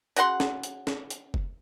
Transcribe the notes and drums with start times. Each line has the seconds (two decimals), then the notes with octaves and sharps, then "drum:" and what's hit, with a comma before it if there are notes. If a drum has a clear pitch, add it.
0.16 C#3 F#4 F#5 C6, drum: hi-hat
0.40 drum: snare
0.63 drum: hi-hat
0.87 drum: snare
1.10 drum: hi-hat
1.34 drum: kick